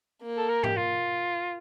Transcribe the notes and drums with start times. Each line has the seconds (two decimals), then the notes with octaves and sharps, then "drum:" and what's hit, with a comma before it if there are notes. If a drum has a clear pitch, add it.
0.22 A#3
0.36 A4
0.49 A#4
0.64 G4, drum: tom G#2
0.77 F4